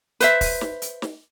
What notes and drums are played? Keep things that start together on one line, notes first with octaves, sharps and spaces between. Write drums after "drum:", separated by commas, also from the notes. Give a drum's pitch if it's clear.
B4 C5 E5, drum: hi-hat
drum: kick, open hi-hat
drum: snare
drum: hi-hat
drum: snare